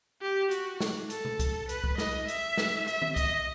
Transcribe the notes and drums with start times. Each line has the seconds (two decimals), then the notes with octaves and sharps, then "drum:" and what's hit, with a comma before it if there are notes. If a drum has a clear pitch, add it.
0.22 G4
0.51 F#4, drum: hi-hat
0.80 drum: snare
1.10 A4, drum: hi-hat
1.25 drum: tom C3
1.39 drum: kick C2, hi-hat
1.69 B4, drum: hi-hat
1.84 drum: kick C2
1.98 D#5, drum: snare
2.28 E5, drum: hi-hat
2.57 drum: snare
2.87 E5, drum: hi-hat
3.02 drum: tom D#3
3.16 D#5, drum: kick C2, hi-hat